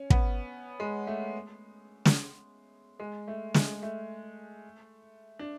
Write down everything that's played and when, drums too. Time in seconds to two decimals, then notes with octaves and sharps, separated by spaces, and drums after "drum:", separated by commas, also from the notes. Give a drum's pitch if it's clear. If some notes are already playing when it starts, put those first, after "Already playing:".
Already playing: C#4
0.10 B3, drum: kick
0.80 G#3
1.07 A3
2.05 drum: snare
3.00 G#3
3.28 A3
3.54 G#3, drum: snare
3.83 A3
5.39 D4